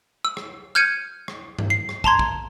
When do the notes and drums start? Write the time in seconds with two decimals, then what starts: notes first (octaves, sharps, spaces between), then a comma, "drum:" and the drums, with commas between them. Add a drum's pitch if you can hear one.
0.25 E6
0.37 drum: rim click
0.75 F6 G6 G#6 C#7 D#7
1.28 drum: rim click
1.59 drum: tom G2
1.70 C7
1.89 drum: rim click
2.04 A5 A#5 C6 G#6, drum: kick
2.19 drum: kick